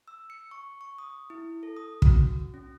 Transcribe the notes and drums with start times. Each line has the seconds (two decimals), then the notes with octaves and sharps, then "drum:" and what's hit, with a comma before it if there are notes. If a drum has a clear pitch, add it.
0.08 E6
0.30 C#7
0.51 C#6
0.81 C#6
0.98 D#6
1.30 E4
1.63 A4
1.76 D#6
2.02 F#4, drum: kick
2.54 C#4